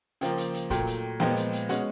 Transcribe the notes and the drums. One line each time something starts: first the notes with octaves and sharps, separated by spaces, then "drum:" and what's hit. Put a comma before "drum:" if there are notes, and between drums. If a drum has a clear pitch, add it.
C#3 F3 A#3 G5, drum: hi-hat
drum: hi-hat
drum: hi-hat
A#2 F#3 A3 G5, drum: kick, hi-hat
drum: hi-hat
A#2 F3 G#3 B3 G5, drum: snare
drum: hi-hat
drum: hi-hat
B2 G#3 C#4 F#5, drum: hi-hat